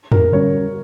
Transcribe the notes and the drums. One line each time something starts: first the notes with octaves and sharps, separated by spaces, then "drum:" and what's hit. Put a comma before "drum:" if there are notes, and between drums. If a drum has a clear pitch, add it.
A#4, drum: tom
D3 G3 C#4 C#5